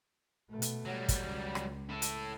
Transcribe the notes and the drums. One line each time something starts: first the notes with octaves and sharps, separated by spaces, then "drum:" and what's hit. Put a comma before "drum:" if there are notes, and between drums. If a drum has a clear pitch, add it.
B2 A3
drum: hi-hat
F#3 G3
drum: kick, hi-hat
C#2
drum: rim click
E4 A4
drum: hi-hat